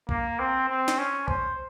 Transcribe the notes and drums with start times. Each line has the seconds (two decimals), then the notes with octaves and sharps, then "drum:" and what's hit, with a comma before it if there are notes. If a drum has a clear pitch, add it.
0.09 A#3, drum: kick B1
0.39 C4
0.69 C4
0.88 drum: snare
0.98 C#4
1.28 C5, drum: kick B1